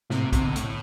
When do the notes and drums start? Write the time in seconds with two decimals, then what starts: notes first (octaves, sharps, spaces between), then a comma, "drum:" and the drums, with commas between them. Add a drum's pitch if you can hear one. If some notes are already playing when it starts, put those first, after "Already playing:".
0.10 A2 C3, drum: snare
0.25 B2
0.33 C3, drum: kick A#1, hi-hat
0.41 B2 D3
0.56 A2, drum: hi-hat